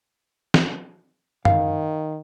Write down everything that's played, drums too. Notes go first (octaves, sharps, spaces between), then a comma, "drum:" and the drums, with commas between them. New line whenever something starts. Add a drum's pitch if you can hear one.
drum: snare
D#3 F5, drum: tom F#2